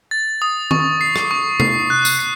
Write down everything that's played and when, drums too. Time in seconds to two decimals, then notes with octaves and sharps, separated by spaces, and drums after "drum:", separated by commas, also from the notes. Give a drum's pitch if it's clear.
0.11 A6
0.42 D#6
0.71 C#6, drum: tom D#3
1.01 C7
1.16 drum: rim click
1.31 C#6
1.60 C7, drum: tom
1.90 F#6
2.05 drum: tambourine
2.19 C7